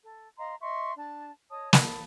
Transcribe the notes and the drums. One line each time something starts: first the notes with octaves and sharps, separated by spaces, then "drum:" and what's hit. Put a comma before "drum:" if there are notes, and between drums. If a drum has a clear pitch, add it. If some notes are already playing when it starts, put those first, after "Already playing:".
A4
D#5 F5 A#5 C6
D#5 E5 C6 C#6
D4 A5
C#5 D#5 A5 D#6
F5 A5 B5, drum: snare